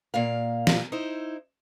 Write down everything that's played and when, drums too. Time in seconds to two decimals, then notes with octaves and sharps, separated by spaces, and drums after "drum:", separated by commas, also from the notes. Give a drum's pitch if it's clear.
0.14 A#2 A#3 F5
0.67 drum: snare
0.92 D#4 E4 C5